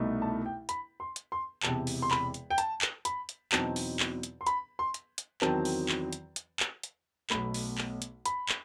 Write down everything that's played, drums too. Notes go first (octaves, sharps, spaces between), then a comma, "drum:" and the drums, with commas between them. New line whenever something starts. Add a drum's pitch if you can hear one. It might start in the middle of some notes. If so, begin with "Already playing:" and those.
Already playing: C2 B2 A3 D#4
A5
G5
B5, drum: hi-hat
C6
drum: hi-hat
C6
E1 E2 C3 A5, drum: clap
drum: open hi-hat
C6
B5, drum: clap
drum: hi-hat
G5
A5, drum: hi-hat
drum: clap
B5, drum: hi-hat
drum: hi-hat
E2 B2 F#3 C4 D#4 A5, drum: clap
drum: open hi-hat
drum: clap
drum: hi-hat
C6
B5, drum: hi-hat
C6
drum: hi-hat
drum: hi-hat
E2 D#3 F#3 C4 A5, drum: clap
drum: open hi-hat
drum: clap
drum: hi-hat
drum: hi-hat
drum: clap
drum: hi-hat
B1 B2 A3 B5, drum: clap
drum: open hi-hat
drum: clap
drum: hi-hat
B5, drum: hi-hat
drum: clap